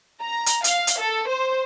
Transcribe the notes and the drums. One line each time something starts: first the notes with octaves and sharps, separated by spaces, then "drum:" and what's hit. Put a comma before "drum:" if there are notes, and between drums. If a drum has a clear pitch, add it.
A#5
drum: hi-hat
F5, drum: hi-hat
drum: hi-hat
A4
C5